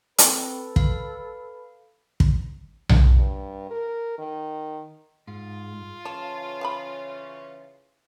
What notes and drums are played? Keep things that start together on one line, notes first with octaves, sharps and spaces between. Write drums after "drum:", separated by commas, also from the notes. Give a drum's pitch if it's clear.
C4 A4 B4, drum: hi-hat
F5, drum: kick
drum: kick
drum: tom B1
G2
A#4
D#3
G#2 F4
C#3 E3 C#4 C#5 A5
F5 G#5 B5